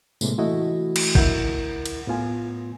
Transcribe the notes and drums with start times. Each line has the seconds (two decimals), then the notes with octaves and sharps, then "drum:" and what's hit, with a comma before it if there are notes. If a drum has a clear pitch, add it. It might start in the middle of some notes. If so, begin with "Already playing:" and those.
0.21 A2 C3 G#3 A#3, drum: tambourine
0.38 E3 A3 E4 F#4 D#5
0.96 drum: cymbal
1.15 D2 E4 A#4 F#5 G6, drum: kick G#1
1.86 drum: cymbal
2.07 A2 B3 F4 G#5